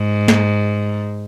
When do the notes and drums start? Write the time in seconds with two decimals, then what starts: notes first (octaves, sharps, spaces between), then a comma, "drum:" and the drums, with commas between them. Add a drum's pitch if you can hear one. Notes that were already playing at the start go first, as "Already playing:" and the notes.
Already playing: G#2
0.28 drum: snare